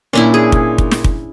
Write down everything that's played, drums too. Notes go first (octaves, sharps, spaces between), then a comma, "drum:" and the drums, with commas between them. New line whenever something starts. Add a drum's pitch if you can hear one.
A#2 C#4 D4 E4
G#4
drum: kick
drum: kick
drum: snare
drum: kick